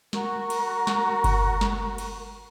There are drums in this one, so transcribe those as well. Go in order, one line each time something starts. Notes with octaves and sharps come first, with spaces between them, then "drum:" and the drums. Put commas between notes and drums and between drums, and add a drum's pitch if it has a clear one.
F#4 A#4 C#6, drum: snare
drum: cymbal
drum: snare
drum: kick G1, cymbal
drum: snare
drum: cymbal